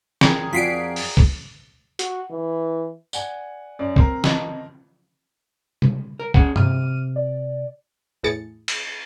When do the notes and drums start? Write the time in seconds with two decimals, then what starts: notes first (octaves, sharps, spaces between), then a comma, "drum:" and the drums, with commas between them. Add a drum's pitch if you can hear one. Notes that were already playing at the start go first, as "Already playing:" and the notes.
0.21 G#4 A#4 G5, drum: snare
0.53 F2 F4 F#4 D5 B6 C7 D7
0.96 drum: open hi-hat
1.17 drum: kick
1.99 F#4, drum: hi-hat
2.30 E3
3.13 D5 F#5 G#5, drum: tambourine
3.79 F#2 D5
3.96 C4 A#4 C7, drum: kick
4.24 D#5 A5, drum: snare
5.82 drum: tom C3
6.20 A#4
6.34 C#4 G#4 F#5, drum: kick
6.56 C3 D6 F6 D#7, drum: tom G2
7.16 D5
8.23 E2 A2 G#4 A6 C#7
8.68 drum: cymbal